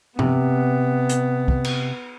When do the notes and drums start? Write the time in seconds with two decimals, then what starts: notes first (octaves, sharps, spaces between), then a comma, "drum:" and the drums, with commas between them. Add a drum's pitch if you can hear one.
0.19 C3 B3, drum: tom
1.09 drum: hi-hat
1.48 drum: kick
1.65 drum: cymbal